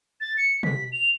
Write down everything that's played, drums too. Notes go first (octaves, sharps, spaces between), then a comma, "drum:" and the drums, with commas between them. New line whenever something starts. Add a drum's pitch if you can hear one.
A6
C#7
B6, drum: tom
F7